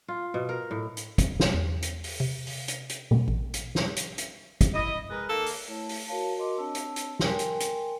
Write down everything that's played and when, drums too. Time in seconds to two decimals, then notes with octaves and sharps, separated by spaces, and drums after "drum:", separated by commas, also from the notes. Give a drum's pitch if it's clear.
0.08 F4
0.34 B2
0.49 A#4
0.71 A2
0.97 drum: hi-hat
1.18 drum: kick, hi-hat
1.40 drum: snare
1.54 E2
1.82 drum: hi-hat
2.04 drum: open hi-hat
2.20 C3
2.47 drum: open hi-hat
2.68 drum: hi-hat
2.89 drum: hi-hat
3.11 drum: tom A#2
3.28 A1
3.54 drum: hi-hat
3.75 drum: snare
3.96 drum: hi-hat
4.18 drum: hi-hat
4.61 drum: kick, hi-hat
4.74 E4 D#5
5.10 G#3 A#4 B4
5.29 D#3 A#3 A4
5.46 drum: open hi-hat
5.68 A3 E4 C#5 A5
5.89 drum: open hi-hat
6.07 F#4 A#4 C#5 F5 A5
6.36 F#4 A#4 D#5 C6 D6
6.58 C4 D4 C#5 A5 E6
6.75 drum: hi-hat
6.96 drum: hi-hat
7.19 A#4 G5 G#5 C6, drum: snare
7.39 drum: hi-hat
7.60 drum: hi-hat